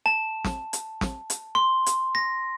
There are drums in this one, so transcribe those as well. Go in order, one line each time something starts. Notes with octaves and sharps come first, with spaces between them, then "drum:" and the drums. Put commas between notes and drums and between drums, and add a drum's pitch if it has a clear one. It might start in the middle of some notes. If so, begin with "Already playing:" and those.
A5
drum: snare
drum: hi-hat
drum: snare
drum: hi-hat
C6
drum: hi-hat
A#6